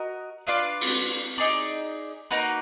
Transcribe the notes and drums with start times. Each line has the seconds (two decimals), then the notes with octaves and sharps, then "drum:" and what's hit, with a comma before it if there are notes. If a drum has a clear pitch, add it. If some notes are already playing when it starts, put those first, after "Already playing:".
Already playing: F#4 A#4 D#5
0.47 D4 F4 B4 F5
0.81 drum: open hi-hat
1.38 D#4 G#4 D5
2.31 A#3 D#4 F#4 B4